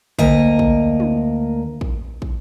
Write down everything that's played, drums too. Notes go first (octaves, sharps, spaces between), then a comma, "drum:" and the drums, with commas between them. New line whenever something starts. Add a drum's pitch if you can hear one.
D2 A#3 A#4 D#5, drum: kick
drum: kick
drum: tom
drum: kick
drum: kick